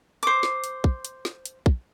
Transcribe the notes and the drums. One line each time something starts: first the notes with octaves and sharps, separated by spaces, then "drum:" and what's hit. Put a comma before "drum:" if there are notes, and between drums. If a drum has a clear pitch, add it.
C5 D6, drum: hi-hat
drum: snare
drum: hi-hat
drum: kick
drum: hi-hat
drum: snare
drum: hi-hat
drum: kick